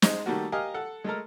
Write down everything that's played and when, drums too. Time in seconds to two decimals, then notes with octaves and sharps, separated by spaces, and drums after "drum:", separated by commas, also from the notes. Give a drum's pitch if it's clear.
0.02 G#3 D#4 C5 D#5, drum: snare
0.26 D#3 G3 A3 A#3 F#4
0.52 G4 A#4 D#5 F5 G#5
0.74 A4 F#5
1.04 G#3 A3 A4 A#4